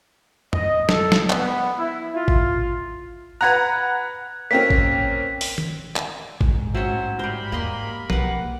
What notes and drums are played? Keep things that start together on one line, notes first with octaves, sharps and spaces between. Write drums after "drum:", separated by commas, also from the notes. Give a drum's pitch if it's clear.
D#5, drum: tom F2
A4, drum: snare
drum: snare
B3, drum: clap
E4
F4
drum: kick G#1
B4 F#5 A#5 F#6 G#6
A#3 C4 C#4 B6
drum: kick G#1
drum: open hi-hat
drum: tom
drum: clap
G#2, drum: kick G#1
F#3 C4 C#4 C5 E5
G3 G4 A#4 C5 B5
E2 A#3 D#5 C6
B1 A#3 B4 F#5, drum: tom F3